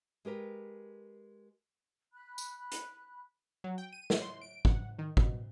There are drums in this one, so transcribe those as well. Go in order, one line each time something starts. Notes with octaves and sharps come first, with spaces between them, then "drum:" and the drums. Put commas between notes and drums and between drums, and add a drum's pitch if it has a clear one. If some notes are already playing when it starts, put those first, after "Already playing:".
G#3 G4 A#4 B4
B5 F#6
drum: tambourine
drum: hi-hat
F#3
G5
D#7
drum: snare
C6
D7
F#5, drum: kick
D#3
B2, drum: kick